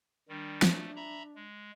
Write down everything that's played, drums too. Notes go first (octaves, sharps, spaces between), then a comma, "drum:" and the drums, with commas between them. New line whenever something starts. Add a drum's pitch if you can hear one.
D#3 G3 D4
A3, drum: snare
E5 A#5 B5
G#3